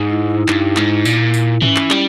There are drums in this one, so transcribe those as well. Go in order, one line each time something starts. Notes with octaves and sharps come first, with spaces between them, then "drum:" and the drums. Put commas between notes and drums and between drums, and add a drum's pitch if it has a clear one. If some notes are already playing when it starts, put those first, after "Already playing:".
Already playing: G#2 D#4
E4
E4
G2, drum: clap
G#2, drum: clap
A#2, drum: tambourine
drum: tambourine
E3 C#4, drum: tom
drum: clap
G3, drum: clap